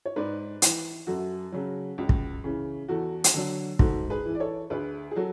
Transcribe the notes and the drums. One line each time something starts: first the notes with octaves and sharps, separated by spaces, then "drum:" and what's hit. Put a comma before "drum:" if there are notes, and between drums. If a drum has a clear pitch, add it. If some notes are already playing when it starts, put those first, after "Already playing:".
C#5
G#2 B4 D5
E3, drum: hi-hat
F#2 F#4 A4
C#3 F#3
C#2
drum: kick
C#3 E3
E2 F#4 A4
drum: hi-hat
D3 F#3
G#2 F#4 A4, drum: kick
G#4 B4
E3
D5
A4 C#5
D2 G#4 B4
G#4
F#3 F#4 A4